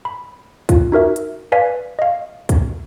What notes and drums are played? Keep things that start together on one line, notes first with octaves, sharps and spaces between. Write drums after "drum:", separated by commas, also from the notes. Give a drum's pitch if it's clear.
B5
F4, drum: kick, hi-hat
D#4 F#4 A#4 E5
drum: hi-hat
B4 D5 F5 G#5 B6
D#5 F5
drum: kick, hi-hat